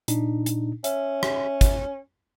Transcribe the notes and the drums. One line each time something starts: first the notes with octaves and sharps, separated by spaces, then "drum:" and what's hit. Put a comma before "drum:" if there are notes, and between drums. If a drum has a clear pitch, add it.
A#2 D4 D#4, drum: hi-hat
drum: hi-hat
C#4 E5, drum: hi-hat
drum: rim click
drum: kick, hi-hat